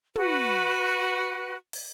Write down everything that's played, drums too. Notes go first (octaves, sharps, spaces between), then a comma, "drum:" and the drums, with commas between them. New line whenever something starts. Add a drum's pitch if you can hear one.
F#4 B4, drum: tom
drum: open hi-hat